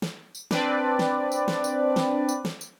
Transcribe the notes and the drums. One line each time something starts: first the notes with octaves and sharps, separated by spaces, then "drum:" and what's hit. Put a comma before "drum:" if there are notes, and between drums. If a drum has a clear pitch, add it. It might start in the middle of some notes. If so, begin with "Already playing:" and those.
drum: snare
drum: tambourine
C4 D4 B4 D5, drum: snare
drum: snare
drum: tambourine
drum: snare
drum: tambourine
drum: snare
drum: tambourine
drum: snare
drum: tambourine